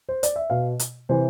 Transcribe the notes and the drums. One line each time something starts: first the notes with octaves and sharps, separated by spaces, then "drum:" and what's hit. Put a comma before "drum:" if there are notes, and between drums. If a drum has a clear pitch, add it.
C5
D5, drum: hi-hat
E5
B2 F5
drum: hi-hat
C3 E3 C5